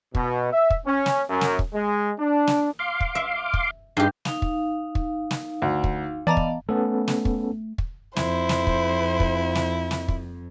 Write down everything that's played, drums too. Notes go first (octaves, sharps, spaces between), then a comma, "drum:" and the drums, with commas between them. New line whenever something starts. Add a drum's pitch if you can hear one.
B2, drum: kick
E5
drum: kick
C#4
drum: snare
F#2
drum: snare
drum: kick
G#3
D4
drum: snare
F5 C6 D6
drum: kick
E5
drum: kick
G2 D#4 G4 G#4 C6
D#4 F5, drum: snare
drum: kick
drum: kick
drum: snare
D2
drum: kick
E3 B3 D5 D#5 F5 A5 A#5
drum: kick
A3 B3 C#4 A4
drum: snare
drum: kick
drum: kick
F2 E4 C5, drum: snare
drum: snare
drum: kick
drum: kick
drum: snare
drum: snare
drum: kick